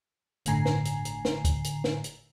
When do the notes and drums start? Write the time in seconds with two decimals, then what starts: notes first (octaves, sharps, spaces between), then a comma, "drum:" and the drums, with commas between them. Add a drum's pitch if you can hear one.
0.46 G1 A2 D3 G#5 A#5 C7, drum: hi-hat
0.65 drum: snare
0.85 drum: hi-hat
1.05 drum: hi-hat
1.25 drum: snare
1.45 drum: kick, hi-hat
1.64 drum: hi-hat
1.84 drum: snare
2.04 drum: hi-hat